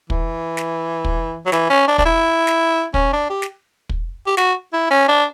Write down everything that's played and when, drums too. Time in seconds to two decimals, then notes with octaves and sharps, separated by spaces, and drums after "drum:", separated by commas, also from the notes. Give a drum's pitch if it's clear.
0.10 E3, drum: kick
0.57 drum: snare
1.04 drum: kick
1.46 F#3
1.52 E3, drum: snare
1.70 C#4
1.88 D4
1.98 D4, drum: kick
2.05 E4
2.47 drum: snare
2.94 C#4, drum: kick
3.13 D4
3.30 G4
3.42 drum: snare
3.89 drum: kick
4.27 G4
4.37 F#4, drum: snare
4.73 E4
4.91 C#4
5.08 D4